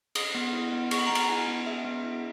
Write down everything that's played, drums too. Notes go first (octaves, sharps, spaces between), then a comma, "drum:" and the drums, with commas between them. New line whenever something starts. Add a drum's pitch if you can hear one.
G#4 D#6, drum: cymbal
B3
E4
B3
G#4 C#6, drum: cymbal
B5
A#5
B3
B5, drum: cymbal
E4 G#5
B3
G#4 E5
B3
E4